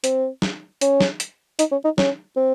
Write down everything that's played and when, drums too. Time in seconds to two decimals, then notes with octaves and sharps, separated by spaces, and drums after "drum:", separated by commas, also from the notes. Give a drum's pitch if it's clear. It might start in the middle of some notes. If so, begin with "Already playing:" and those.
0.04 C4, drum: hi-hat
0.42 drum: snare
0.81 C#4, drum: hi-hat
1.00 drum: snare
1.20 drum: hi-hat
1.59 D#4, drum: hi-hat
1.71 C#4
1.84 D#4
1.98 C#4, drum: snare
2.36 C4